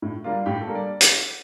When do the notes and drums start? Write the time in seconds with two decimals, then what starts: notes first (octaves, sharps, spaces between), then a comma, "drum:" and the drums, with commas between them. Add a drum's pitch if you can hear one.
0.02 A2
0.24 G3 A#3 D4 F4
0.46 A2 G4
0.61 A4
0.67 G3 A#3 D4
0.75 D5
1.01 drum: hi-hat